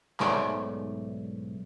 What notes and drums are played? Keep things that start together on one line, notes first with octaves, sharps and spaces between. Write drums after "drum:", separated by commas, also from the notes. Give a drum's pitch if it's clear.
B1 G#2 A3 D5 E5, drum: clap